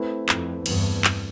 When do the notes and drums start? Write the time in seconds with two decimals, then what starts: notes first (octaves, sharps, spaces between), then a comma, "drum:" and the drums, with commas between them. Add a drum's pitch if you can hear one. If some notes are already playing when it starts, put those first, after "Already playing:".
Already playing: A3 C4 E4 B4
0.29 F2, drum: clap
0.66 E2 G2, drum: cymbal
1.04 drum: clap